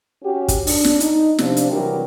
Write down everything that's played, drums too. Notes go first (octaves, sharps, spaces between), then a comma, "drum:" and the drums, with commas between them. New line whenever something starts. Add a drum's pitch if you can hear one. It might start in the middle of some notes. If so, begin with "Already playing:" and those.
C#4 F#4 G4
drum: kick, hi-hat
D4, drum: open hi-hat
drum: snare
D#4, drum: hi-hat
C3 F3 D4, drum: snare
drum: hi-hat
C3 E3 F#3 G3 G4 A#4